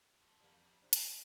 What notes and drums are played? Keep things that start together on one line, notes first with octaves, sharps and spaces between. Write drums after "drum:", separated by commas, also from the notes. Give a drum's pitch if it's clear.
F2
G3 A#3
C3 C4 D4
drum: hi-hat
A#3 C5